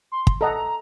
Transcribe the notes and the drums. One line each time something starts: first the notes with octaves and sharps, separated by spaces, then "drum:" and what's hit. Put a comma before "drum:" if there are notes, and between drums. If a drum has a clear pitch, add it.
C6
drum: kick
A4 D#5 F#5 A#5